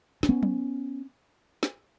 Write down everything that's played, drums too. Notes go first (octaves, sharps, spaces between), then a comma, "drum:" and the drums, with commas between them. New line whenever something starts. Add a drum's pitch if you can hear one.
D4, drum: snare
B3 C#4
drum: tom
drum: snare